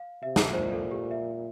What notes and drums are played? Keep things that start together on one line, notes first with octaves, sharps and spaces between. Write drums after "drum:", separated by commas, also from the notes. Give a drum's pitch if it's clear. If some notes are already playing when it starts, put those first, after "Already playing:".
Already playing: F5
C3 E5
drum: snare
A#2 C5
A4
G4
E5